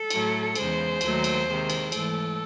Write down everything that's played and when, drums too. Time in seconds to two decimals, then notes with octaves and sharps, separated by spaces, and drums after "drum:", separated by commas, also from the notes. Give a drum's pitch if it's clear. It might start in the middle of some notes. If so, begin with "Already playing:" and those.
Already playing: A4
0.10 A2 F#3 A3, drum: cymbal
0.55 E2 C#3 G#3 C5, drum: cymbal
1.01 D#2 D#3 F#3 A3, drum: cymbal
1.24 drum: cymbal
1.47 C3 D#3 G#3
1.70 drum: cymbal
1.92 G#2 E3 A3 A4, drum: cymbal